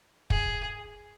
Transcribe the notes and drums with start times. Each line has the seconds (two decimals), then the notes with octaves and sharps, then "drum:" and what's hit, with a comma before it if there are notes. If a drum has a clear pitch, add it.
0.30 G#4, drum: kick